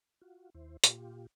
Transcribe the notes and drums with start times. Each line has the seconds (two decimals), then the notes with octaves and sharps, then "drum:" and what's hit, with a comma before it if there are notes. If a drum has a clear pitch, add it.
0.21 F4 F#4
0.54 D#2 E4 C5
0.84 A#2 F4 G4, drum: hi-hat